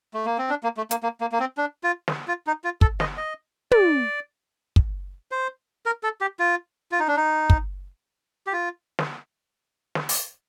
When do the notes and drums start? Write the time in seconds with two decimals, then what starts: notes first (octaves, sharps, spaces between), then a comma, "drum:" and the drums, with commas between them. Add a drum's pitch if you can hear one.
0.14 A3
0.26 A#3
0.38 C4
0.50 D4
0.63 A#3
0.77 A3
0.91 A#3, drum: hi-hat
1.03 A#3
1.21 A#3
1.32 A#3
1.40 C4
1.57 D4
1.84 F4
2.08 drum: snare
2.28 F4
2.47 D#4
2.64 F4
2.81 A4, drum: kick
3.00 D#5, drum: snare
3.17 D#5
3.71 D5, drum: tom
4.76 drum: kick
5.31 C5
5.86 A#4
6.03 A4
6.21 G4
6.39 F4
6.92 F4
6.99 D#4
7.08 D4
7.16 D#4
7.50 drum: kick
8.47 G4
8.53 F4
8.99 drum: snare
9.95 drum: snare
10.09 drum: open hi-hat